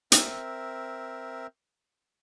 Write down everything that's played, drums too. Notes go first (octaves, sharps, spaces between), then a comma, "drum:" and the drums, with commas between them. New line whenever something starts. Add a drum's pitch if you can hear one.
C4 A#4 E5, drum: hi-hat